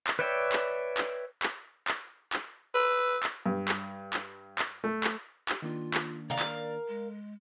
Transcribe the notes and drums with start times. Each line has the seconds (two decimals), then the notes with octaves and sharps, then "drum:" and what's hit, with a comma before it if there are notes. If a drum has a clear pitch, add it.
0.07 drum: clap
0.19 B4 C#5 D5 E5 G5
0.52 drum: clap
0.98 drum: clap
1.43 drum: clap
1.88 drum: clap
2.33 drum: clap
2.74 B4 E6
3.23 drum: clap
3.46 G2
3.68 drum: clap
4.14 drum: clap
4.59 drum: clap
4.84 A3
5.04 drum: clap
5.49 G4, drum: clap
5.62 D#3 A#3 D4 F4
5.94 drum: clap
6.30 A#4 D5 F5
6.39 drum: clap
6.88 G#3